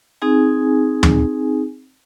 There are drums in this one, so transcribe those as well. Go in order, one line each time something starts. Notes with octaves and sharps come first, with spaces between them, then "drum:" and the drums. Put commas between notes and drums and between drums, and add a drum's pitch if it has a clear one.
C4 D#4 G#4 G#5
drum: tom